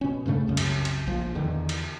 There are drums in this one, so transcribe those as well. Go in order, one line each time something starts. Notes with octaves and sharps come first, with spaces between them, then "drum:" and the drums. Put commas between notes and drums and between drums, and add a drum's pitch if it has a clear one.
B2 C#4
D2 G2 C#3 A3
C2 F#2 C#3
drum: cymbal
drum: cymbal
A#1 F3
E2 D3 D#3
drum: cymbal